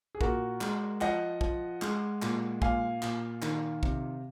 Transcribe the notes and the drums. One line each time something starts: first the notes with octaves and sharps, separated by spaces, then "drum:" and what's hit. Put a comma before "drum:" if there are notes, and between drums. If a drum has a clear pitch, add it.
G#4
A#2 F#4 A#4, drum: kick
G#3, drum: clap
F3 D#5 F#5, drum: clap
F3, drum: kick
G#3, drum: clap
A#2, drum: clap
A#2 F5 G#5, drum: kick
A#2, drum: clap
D#3, drum: clap
C3, drum: kick